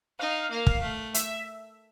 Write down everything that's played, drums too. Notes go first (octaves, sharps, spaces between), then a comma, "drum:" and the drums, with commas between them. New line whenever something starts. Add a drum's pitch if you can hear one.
D#4 F5
A#3 F5
drum: kick
A3
E5, drum: hi-hat